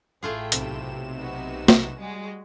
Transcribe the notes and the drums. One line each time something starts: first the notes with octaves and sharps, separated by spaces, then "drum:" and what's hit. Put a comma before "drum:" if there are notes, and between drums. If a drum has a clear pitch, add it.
A1 A3 E4 F4 G#4 G5
B1 C3 E7, drum: hi-hat
D#4 F#4 B4
drum: snare
G3 G#3 F#4